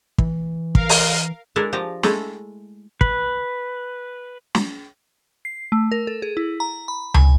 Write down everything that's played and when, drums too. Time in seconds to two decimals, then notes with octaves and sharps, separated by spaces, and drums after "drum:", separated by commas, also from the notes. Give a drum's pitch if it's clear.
0.18 E3, drum: kick
0.75 A#4 F5, drum: kick
0.89 drum: open hi-hat
1.56 G#3 D4 E4 A4 A#4
1.73 F3 G4 A5 A#5
2.03 G#3 A3 E4 D#5, drum: snare
3.01 B4, drum: kick
4.55 drum: snare
5.45 C7
5.72 A3
5.92 A#4
6.07 A4
6.22 G#4
6.37 E4
6.60 A#5
6.88 B5
7.14 G#5, drum: tom C#2